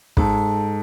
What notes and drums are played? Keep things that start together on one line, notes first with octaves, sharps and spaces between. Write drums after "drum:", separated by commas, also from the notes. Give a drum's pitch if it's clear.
G#2 A4, drum: kick